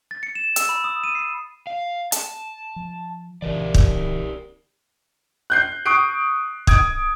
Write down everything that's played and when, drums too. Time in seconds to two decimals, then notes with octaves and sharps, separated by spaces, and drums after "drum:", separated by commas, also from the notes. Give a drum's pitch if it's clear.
0.11 A6
0.23 C#7
0.35 E7
0.56 E6, drum: hi-hat
0.69 B5
0.84 D#6
1.04 D#7
1.15 C7
1.67 F5
2.12 A5, drum: hi-hat
2.76 F3
3.42 A#1 C#3 E3 G4 A#4 D5
3.74 drum: kick
5.50 F#6 G6 C7
5.86 C#6 D#6 F#6 C7 D7
6.67 D#6 G#6 D7, drum: kick